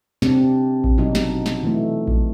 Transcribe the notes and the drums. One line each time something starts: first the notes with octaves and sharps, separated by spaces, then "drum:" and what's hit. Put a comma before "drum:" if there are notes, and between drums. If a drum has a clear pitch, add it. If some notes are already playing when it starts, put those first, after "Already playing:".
C3 C4 D4, drum: snare
drum: kick A1
B2 F#3 D4 D#4
drum: snare
drum: snare
E3 A3
drum: kick A1